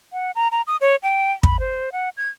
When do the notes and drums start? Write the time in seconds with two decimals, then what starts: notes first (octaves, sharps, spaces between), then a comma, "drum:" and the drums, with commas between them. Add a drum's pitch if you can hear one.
0.13 F#5
0.35 A#5
0.52 A#5
0.67 D#6
0.81 C#5
1.03 G5
1.43 B5, drum: kick
1.60 C5
1.92 F#5
2.17 G#6